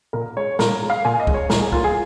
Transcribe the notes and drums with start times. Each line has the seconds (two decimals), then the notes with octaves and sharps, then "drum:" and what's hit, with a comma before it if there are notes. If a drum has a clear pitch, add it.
0.13 A#2 A#4
0.36 G#3 C#5
0.59 A#2 A#4, drum: snare
0.82 G#3
0.90 F5
1.05 A#2 G#5
1.20 D#5
1.27 G#3, drum: kick
1.34 C#5
1.50 A#2 A#4, drum: snare
1.61 G#4
1.72 A#3 F4, drum: kick
1.84 G#4